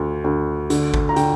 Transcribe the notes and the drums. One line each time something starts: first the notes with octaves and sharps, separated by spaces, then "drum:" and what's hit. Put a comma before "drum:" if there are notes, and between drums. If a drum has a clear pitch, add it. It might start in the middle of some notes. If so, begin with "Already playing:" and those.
Already playing: D2
D2
D3, drum: hi-hat
drum: kick G#1
A#5
D3 G5, drum: hi-hat